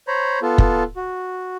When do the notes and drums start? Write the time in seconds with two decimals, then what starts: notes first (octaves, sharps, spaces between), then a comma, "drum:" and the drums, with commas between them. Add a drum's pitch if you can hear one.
0.08 C5 C#5 A#5 B5
0.42 B3 F4 A4
0.58 drum: kick
0.96 F#4